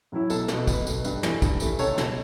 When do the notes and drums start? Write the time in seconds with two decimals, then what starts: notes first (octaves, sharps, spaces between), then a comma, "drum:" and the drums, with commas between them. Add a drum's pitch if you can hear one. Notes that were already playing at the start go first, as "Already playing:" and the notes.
0.12 A2 F#3 C#4 E4
0.30 B1 A4, drum: tambourine
0.48 B2 A3, drum: snare
0.67 B1 B4, drum: kick, tambourine
0.87 B2 A3, drum: tambourine
1.05 G2, drum: tambourine
1.23 E3 A3, drum: snare
1.42 G2, drum: kick, tambourine
1.60 E3 A3, drum: tambourine
1.79 C#2 A4 C#5, drum: tambourine
1.98 B2 A3, drum: snare